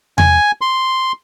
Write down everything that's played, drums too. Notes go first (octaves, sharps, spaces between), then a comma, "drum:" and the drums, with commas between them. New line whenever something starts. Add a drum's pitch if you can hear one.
G#5, drum: tom E2
C6